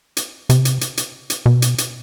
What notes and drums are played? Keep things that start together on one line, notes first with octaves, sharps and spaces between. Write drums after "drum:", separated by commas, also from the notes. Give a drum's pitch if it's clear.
drum: hi-hat
C3, drum: hi-hat
drum: hi-hat
drum: hi-hat
drum: hi-hat
drum: hi-hat
B2
drum: hi-hat
drum: hi-hat